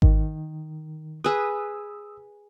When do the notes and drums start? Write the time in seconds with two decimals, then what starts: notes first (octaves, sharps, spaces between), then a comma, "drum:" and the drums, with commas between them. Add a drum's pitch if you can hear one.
0.02 D#3, drum: kick G#1
1.24 G#4 B4 D#6 E6